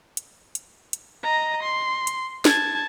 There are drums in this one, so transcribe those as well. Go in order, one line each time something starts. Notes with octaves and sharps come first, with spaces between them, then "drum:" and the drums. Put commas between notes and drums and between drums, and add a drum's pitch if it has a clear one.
drum: hi-hat
drum: hi-hat
drum: hi-hat
D#5 A#5
C6
drum: hi-hat
A5 G#6, drum: snare